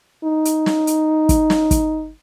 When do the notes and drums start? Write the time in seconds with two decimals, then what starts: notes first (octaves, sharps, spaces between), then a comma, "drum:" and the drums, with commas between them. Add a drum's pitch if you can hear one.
0.24 D#4
0.45 drum: hi-hat
0.66 drum: snare
0.87 drum: hi-hat
1.29 drum: kick, hi-hat
1.50 drum: snare
1.71 drum: kick, hi-hat